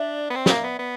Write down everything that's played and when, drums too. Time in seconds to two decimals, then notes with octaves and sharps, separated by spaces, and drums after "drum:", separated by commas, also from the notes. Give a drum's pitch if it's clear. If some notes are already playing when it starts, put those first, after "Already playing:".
Already playing: D4 D5 E5
0.30 B3
0.35 C4
0.46 B3, drum: snare
0.50 A#3
0.64 B3
0.79 B3